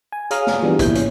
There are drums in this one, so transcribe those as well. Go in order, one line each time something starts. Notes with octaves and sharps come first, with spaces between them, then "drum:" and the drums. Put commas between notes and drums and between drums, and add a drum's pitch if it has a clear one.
G#5
G#4 C#5 F5 A#5 D#6 F6, drum: hi-hat
drum: snare
E3 F3 G3 B3 D4
A#2 E3 E4 G6, drum: kick, hi-hat
C#4, drum: hi-hat